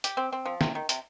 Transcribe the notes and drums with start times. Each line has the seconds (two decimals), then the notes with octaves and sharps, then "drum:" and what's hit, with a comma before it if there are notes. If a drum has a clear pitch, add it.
0.04 G4, drum: hi-hat
0.17 C4
0.33 C4
0.46 F3
0.61 C3, drum: snare
0.75 D#3
0.89 C3, drum: hi-hat